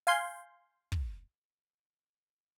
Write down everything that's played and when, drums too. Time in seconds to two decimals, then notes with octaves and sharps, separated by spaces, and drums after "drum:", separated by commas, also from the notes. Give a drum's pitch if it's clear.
0.07 F5 G#5 C6 G6, drum: open hi-hat
0.92 drum: kick